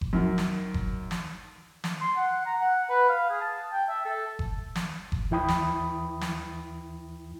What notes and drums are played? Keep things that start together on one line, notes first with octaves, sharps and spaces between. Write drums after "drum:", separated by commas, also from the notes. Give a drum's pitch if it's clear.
drum: kick F#1
F#2 D#3
drum: snare
drum: kick F#1
drum: snare
drum: snare
C6
F#5
A#5
F#5
B4
F5
G#4
A5
G5
E5
A4
drum: kick F#1
drum: snare
drum: kick F#1
D#2 E3 E4 G5 B5 D#6
drum: snare
drum: snare